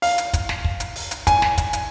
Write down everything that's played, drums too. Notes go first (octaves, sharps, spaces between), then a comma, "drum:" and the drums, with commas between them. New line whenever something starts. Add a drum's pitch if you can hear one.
F5, drum: open hi-hat
drum: hi-hat
drum: kick, hi-hat
drum: snare
drum: kick
drum: hi-hat
drum: open hi-hat
drum: hi-hat
G#5, drum: kick, hi-hat
drum: snare
drum: kick, hi-hat
drum: hi-hat